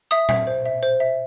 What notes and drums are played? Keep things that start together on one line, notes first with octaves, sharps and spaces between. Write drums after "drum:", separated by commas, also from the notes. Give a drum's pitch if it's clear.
E5 D#6
E5, drum: tom
C5
E5
C5
E5